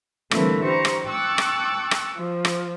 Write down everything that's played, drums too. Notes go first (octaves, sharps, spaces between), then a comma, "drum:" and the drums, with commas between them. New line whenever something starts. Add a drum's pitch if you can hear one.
D3 E3 G3 A3 A#3 C4, drum: rim click
G4 C5 A#5 C#6
drum: rim click
G5 A5 C#6 D6 E6 F#6
drum: rim click
drum: rim click
F3
drum: rim click